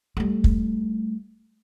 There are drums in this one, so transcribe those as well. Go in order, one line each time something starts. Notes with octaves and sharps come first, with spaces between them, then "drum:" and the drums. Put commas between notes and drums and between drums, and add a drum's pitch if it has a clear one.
G3 A3
drum: kick